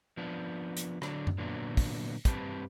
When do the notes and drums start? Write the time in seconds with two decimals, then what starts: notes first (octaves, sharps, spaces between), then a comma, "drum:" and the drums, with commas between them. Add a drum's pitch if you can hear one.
0.17 F3 B3 D4
0.77 drum: hi-hat
1.02 D3 F#3 D4, drum: rim click
1.27 drum: tom F#2
1.38 A#2 D3 F#3 B3 D4
1.77 drum: kick, open hi-hat
2.25 G2 G3 C4 G4 B4 A5, drum: kick, hi-hat